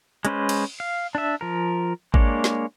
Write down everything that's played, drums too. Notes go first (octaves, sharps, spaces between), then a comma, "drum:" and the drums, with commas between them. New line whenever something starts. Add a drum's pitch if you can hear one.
G#3 C#4 B4 C5, drum: hi-hat
drum: cymbal
F5
D4 E5
F3 A#4
G#3 A#3 D4 C#5, drum: kick G#1
drum: snare